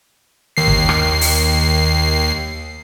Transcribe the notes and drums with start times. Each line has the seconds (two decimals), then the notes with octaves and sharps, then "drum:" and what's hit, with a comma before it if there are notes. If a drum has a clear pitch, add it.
0.57 D#2 C7
0.68 drum: kick
0.89 drum: rim click
1.21 drum: open hi-hat